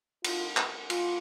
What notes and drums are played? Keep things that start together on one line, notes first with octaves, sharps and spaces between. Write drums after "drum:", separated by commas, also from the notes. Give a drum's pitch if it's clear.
F4, drum: cymbal
drum: clap
F4, drum: cymbal